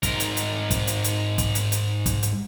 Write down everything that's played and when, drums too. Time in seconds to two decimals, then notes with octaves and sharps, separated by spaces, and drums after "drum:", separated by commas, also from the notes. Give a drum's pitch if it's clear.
0.03 G#2 A#4, drum: kick, hi-hat
0.20 drum: hi-hat
0.37 drum: hi-hat
0.70 drum: kick, hi-hat
0.87 drum: hi-hat
1.04 drum: hi-hat
1.38 drum: kick, hi-hat
1.55 drum: hi-hat
1.72 drum: hi-hat
2.06 drum: kick, hi-hat
2.23 drum: hi-hat